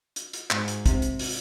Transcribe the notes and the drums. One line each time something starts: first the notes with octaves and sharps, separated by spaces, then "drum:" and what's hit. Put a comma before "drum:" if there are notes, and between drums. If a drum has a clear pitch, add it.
drum: hi-hat
drum: hi-hat
G#2, drum: clap
drum: hi-hat
C3, drum: kick, hi-hat
drum: hi-hat
drum: open hi-hat